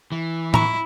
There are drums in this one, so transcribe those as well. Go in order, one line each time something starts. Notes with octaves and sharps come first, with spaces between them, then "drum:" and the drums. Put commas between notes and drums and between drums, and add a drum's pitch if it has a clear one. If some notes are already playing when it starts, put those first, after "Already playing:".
E3
E4 A#5 C#6, drum: tom A2